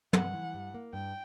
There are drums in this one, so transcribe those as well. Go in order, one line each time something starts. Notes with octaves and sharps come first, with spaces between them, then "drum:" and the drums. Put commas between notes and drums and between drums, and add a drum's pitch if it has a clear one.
G2 F#5, drum: tom
E3
G2
A#3
G2 G5